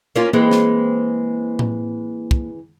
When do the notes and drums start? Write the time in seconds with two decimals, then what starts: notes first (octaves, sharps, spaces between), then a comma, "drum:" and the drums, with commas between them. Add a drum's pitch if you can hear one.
0.16 A#3 C#4 F4
0.33 E3 G#3 A#3 C4
0.51 drum: snare
1.59 drum: tom A2
2.31 drum: kick